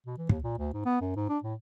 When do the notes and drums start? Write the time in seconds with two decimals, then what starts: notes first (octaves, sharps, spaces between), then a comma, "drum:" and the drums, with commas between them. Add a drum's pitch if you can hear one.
0.06 B2
0.18 E3
0.29 D#2, drum: kick
0.43 A#2
0.58 D2
0.74 G#2
0.86 B3
1.01 F#2
1.16 G#2
1.29 D4
1.43 A2